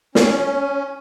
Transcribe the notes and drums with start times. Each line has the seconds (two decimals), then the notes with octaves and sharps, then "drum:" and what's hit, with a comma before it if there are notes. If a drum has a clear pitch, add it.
0.15 C#4, drum: snare